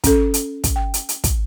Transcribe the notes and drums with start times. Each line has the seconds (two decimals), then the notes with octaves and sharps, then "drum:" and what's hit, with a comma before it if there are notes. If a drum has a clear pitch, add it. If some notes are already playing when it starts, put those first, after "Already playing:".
0.04 C#4 A4, drum: kick, hi-hat
0.34 drum: hi-hat
0.64 drum: kick, hi-hat
0.76 G5
0.94 drum: hi-hat
1.09 drum: hi-hat
1.24 drum: kick, hi-hat